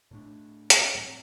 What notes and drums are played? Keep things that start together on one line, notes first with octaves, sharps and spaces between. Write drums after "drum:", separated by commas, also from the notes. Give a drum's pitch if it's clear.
A2 A3 D4
drum: hi-hat
A2 F#3 C4